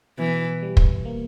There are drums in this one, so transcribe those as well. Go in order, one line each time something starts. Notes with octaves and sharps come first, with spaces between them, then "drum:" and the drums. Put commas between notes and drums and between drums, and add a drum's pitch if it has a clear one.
B2 E3
G3
drum: kick
A#3